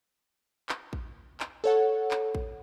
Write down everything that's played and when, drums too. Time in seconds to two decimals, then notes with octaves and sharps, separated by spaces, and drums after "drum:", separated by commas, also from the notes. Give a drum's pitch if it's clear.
0.69 drum: clap
0.93 drum: kick A1
1.40 drum: clap
1.64 A4 C#5 F#5
2.11 drum: clap
2.35 drum: kick A1